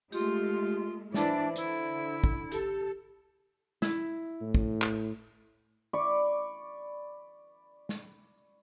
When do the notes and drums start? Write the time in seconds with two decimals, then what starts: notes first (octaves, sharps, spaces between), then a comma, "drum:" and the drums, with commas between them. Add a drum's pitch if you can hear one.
0.12 G#3 A3 F4 G4 C6, drum: tambourine
1.14 E3 D4 E4 C5 D5 E5, drum: snare
1.56 D3 E4, drum: hi-hat
2.24 drum: kick
2.52 G4 A4, drum: hi-hat
3.82 E4, drum: snare
4.41 A2
4.55 drum: kick
4.82 drum: clap
5.93 D5 B5 C#6
7.89 drum: snare